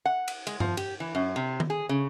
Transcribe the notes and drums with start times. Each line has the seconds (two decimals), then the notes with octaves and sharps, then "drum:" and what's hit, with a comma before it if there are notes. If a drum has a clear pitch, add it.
0.06 F#5
0.28 drum: cymbal
0.47 G#3, drum: cymbal
0.60 F3, drum: tom G2
0.77 G4, drum: cymbal
1.00 E3
1.15 F#2
1.36 C3
1.60 drum: tom
1.70 G#4
1.89 C#3